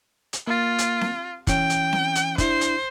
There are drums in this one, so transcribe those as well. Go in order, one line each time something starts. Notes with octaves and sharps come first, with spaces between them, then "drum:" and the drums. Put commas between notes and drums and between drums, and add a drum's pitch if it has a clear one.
drum: hi-hat
A#3 F4 A6
drum: hi-hat
drum: snare C4
E3 C#4 G5, drum: kick, hi-hat
drum: hi-hat
drum: snare C4
drum: hi-hat
D4 E4 C5, drum: kick, hi-hat
drum: hi-hat